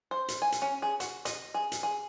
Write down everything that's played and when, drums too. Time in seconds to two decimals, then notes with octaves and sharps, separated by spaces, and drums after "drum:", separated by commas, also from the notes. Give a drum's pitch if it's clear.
0.11 C5
0.28 drum: hi-hat
0.42 G#5
0.52 drum: hi-hat
0.62 C#4
0.82 G#4
1.00 F#4, drum: hi-hat
1.25 D#5, drum: hi-hat
1.54 G#4
1.72 drum: hi-hat
1.83 G#4